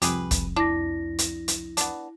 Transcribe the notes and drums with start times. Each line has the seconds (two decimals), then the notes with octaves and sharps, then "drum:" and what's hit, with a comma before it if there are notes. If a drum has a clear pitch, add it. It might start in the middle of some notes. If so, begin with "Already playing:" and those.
0.02 C2 F2 G4 G#4 B4, drum: hi-hat
0.31 drum: kick, hi-hat
0.56 D4 E4 A#6
1.19 drum: hi-hat
1.48 drum: hi-hat
1.77 B3 D4, drum: hi-hat